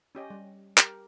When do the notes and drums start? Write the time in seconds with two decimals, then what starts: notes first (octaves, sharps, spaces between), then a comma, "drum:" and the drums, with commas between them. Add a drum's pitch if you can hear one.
0.15 C#4 G4 D#5
0.30 G3
0.78 G4 A#4, drum: clap